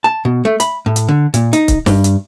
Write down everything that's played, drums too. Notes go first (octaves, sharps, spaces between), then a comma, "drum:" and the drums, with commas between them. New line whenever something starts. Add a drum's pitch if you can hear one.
A5
B2
A3
B5, drum: hi-hat
A2
drum: hi-hat
D3
A#2, drum: hi-hat
D#4, drum: hi-hat
drum: kick C#1, hi-hat
G2, drum: snare
drum: hi-hat